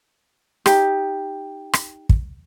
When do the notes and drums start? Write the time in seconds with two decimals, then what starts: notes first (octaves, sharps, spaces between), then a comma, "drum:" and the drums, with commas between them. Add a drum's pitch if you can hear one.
0.66 D#4 G4, drum: rim click
1.73 drum: rim click
2.09 drum: kick